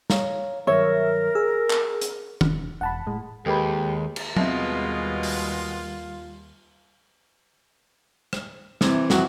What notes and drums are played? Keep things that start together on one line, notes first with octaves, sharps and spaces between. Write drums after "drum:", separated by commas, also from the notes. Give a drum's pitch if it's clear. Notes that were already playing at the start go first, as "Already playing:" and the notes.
C#5 F5 A#5, drum: snare
G2 D#3 F#3 A#4 C#5 E5
G#4 E6
drum: clap
drum: hi-hat
E1, drum: tom
E1 F#5 A5 B5
A2 G#3
D#2 G#3 G4 A4 B4 B5
drum: cymbal
D#2 B2 G3 G#3 B3 C4 F4 E5, drum: tom
drum: open hi-hat
drum: rim click
C3 E3, drum: snare
F2 F#4, drum: snare